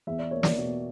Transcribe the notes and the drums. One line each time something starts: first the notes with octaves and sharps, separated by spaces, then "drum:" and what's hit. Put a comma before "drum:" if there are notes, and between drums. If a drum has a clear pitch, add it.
E2 E5
D5
A#3 C#5
D5, drum: snare
B2